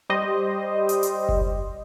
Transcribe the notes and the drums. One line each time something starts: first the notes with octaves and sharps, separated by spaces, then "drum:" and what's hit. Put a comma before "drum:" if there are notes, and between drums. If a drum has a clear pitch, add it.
G3 G4 C5 D#5
drum: hi-hat
drum: hi-hat
drum: kick F#1